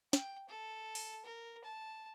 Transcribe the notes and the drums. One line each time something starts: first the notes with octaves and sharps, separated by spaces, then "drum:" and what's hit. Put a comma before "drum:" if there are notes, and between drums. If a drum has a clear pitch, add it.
G5, drum: snare
A4
drum: open hi-hat
A#4
A5